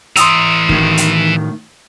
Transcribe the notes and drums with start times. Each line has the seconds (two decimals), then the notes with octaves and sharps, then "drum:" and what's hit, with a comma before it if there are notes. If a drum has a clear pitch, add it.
0.16 E3 A#5 C6 D#6 E6, drum: hi-hat
0.69 A2 D#3, drum: kick
0.97 drum: hi-hat